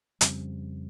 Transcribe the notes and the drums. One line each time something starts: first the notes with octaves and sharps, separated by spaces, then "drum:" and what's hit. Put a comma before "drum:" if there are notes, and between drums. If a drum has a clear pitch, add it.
F2 C#3 G3 C4, drum: hi-hat